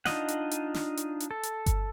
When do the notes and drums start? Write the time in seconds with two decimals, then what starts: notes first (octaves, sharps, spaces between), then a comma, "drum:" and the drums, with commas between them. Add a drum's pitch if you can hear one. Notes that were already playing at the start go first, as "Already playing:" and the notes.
0.05 D4 D#4 F4 D#5 F#5, drum: snare
0.28 drum: hi-hat
0.51 drum: hi-hat
0.74 drum: snare
0.97 drum: hi-hat
1.20 drum: hi-hat
1.31 A4
1.43 drum: hi-hat
1.66 drum: kick G1, hi-hat